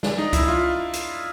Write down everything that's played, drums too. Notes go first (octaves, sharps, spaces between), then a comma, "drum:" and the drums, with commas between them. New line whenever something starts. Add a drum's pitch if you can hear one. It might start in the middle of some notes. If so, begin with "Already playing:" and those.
D4, drum: snare
D#4
E4, drum: kick C#2, hi-hat
F4
drum: hi-hat